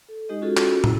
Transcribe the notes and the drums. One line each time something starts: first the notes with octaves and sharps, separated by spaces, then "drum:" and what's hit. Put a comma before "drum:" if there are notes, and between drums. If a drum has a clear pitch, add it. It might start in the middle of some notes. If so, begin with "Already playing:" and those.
A4
G#3 D#4 G4 D#5
C#4 F4 F#4 G#4 A4
drum: clap
E4, drum: tom